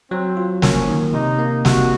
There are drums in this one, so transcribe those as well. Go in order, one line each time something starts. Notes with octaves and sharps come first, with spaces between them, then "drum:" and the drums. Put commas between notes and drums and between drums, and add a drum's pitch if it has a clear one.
F#3 C4
F4
A#3 C#4, drum: snare
D#3
C3 D#4
A#3
C3 F#4, drum: snare